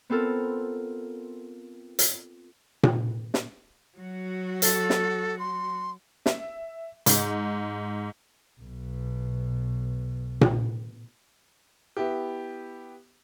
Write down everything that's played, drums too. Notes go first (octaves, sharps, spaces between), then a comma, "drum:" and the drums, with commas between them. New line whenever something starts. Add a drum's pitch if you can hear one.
B3 C4 F4 A4 A#4
drum: hi-hat
drum: tom A#2
drum: snare
F#3 F#4
A4, drum: hi-hat
drum: snare
C6
E5, drum: snare
G#2, drum: hi-hat
B1 B2
drum: tom A#2
B3 E4 G4